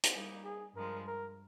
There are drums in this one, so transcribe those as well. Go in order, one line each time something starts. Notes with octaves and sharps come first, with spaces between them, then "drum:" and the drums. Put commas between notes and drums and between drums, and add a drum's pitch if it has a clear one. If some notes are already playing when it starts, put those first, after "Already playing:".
drum: hi-hat
G3 A#3 D#4
G#4
G2 F3 G#3 A#4
A#4